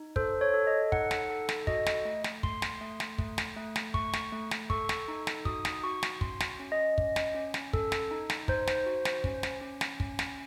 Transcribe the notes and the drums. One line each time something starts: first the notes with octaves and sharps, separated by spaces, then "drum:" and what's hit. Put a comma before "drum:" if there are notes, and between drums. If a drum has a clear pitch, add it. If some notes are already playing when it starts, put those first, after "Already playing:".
Already playing: D#4
A4 C5, drum: kick
C#5
A4
D#5
D#4 F#5, drum: kick
drum: snare
A4
drum: snare
F#4 D#5, drum: kick
drum: snare
A3
drum: snare
A3 C6, drum: kick
drum: snare
A3
drum: snare
A3, drum: kick
drum: snare
A3
drum: snare
A3 C#6, drum: kick
drum: snare
A3
drum: snare
A4 C#6, drum: kick
drum: snare
D#4
drum: snare
F#4 D#6, drum: kick
drum: snare
F#4 C#6
drum: snare
C#4 C6, drum: kick
drum: snare
C#4
D#5
C#4, drum: kick
drum: snare
C#4
drum: snare
A4, drum: kick
drum: snare
D#4
drum: snare
D#4 C5, drum: kick
drum: snare
F#4
drum: snare
C#4, drum: kick
drum: snare
C#4
drum: snare
C#4, drum: kick
drum: snare